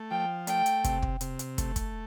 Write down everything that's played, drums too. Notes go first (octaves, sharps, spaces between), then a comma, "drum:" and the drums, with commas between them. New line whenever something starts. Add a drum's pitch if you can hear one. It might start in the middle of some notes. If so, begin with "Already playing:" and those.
Already playing: A3
F3 G5
A3 G5, drum: hi-hat
drum: hi-hat
C3, drum: kick, hi-hat
drum: kick
C3, drum: hi-hat
drum: hi-hat
A3, drum: kick, hi-hat
drum: kick, hi-hat